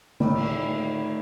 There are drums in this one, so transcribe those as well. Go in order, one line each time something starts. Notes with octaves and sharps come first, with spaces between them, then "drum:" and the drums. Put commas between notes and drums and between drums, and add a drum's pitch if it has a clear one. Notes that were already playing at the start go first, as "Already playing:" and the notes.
A2 D#3 G3, drum: tom
drum: cymbal